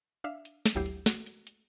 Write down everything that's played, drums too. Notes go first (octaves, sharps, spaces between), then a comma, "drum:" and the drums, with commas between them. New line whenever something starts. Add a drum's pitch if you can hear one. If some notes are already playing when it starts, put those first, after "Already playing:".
D4 E5 F5
drum: hi-hat
drum: snare
G#1 D2 F#3 E4 G4 C7
drum: hi-hat
F#4, drum: snare
drum: hi-hat
drum: hi-hat